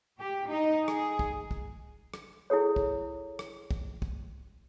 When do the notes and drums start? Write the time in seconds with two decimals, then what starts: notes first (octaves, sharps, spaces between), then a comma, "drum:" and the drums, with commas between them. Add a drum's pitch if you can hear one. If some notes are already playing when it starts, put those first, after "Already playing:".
0.19 G4
0.49 D#4
0.88 G#4, drum: rim click
1.19 drum: kick
1.51 drum: kick
2.14 drum: rim click
2.50 E4 G#4 A4 C#5
2.76 drum: kick
3.39 drum: rim click
3.71 drum: kick
4.02 drum: kick